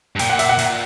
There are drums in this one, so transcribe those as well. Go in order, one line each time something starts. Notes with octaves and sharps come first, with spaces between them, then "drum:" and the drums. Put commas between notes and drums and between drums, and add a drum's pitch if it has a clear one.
G2
A#2 G5, drum: hi-hat
F#5
E5, drum: hi-hat
F#5
A#2, drum: hi-hat